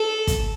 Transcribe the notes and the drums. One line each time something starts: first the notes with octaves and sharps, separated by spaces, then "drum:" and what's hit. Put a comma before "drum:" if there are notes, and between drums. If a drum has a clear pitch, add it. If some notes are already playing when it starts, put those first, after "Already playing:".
Already playing: A4
drum: kick, hi-hat